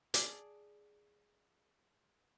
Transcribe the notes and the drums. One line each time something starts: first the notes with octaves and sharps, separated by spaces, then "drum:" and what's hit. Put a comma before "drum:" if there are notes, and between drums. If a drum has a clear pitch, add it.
G#4 D5 A5, drum: hi-hat